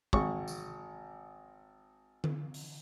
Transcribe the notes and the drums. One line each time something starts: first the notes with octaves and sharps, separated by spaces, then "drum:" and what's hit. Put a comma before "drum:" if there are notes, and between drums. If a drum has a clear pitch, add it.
G#1 C#6, drum: kick
drum: tambourine
drum: tom D3
drum: open hi-hat